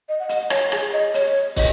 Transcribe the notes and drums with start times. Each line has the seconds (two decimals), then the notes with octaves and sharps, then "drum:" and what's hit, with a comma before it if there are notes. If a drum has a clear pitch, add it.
0.09 D#5
0.19 F#5
0.29 D#5, drum: hi-hat
0.50 C#5, drum: rim click
0.72 G#4, drum: rim click
0.93 D#5
1.14 C#5, drum: hi-hat
1.56 D#5, drum: kick, open hi-hat